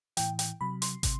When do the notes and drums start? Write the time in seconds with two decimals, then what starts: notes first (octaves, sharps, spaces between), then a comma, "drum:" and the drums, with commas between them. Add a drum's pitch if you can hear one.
0.17 A2 E3 G5, drum: hi-hat
0.39 G5, drum: hi-hat
0.61 C3 F#3 B5
0.82 C6, drum: hi-hat
1.03 C3, drum: kick, hi-hat